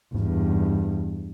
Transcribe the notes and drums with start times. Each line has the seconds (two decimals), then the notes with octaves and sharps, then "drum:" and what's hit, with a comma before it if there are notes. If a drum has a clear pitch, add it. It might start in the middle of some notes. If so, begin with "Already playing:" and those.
0.14 E2 G2, drum: tom G#2